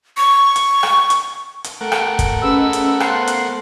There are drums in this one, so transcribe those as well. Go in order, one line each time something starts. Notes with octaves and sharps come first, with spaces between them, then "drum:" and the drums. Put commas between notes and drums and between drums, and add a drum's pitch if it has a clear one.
C#6
drum: hi-hat
drum: rim click
drum: hi-hat
drum: hi-hat
A3 A#4 F#5 G5
drum: rim click
drum: kick, hi-hat
C#4 G#4 B4 D#5 E6
drum: hi-hat
B3 C5 F5 A5 F#6 C7, drum: rim click
drum: hi-hat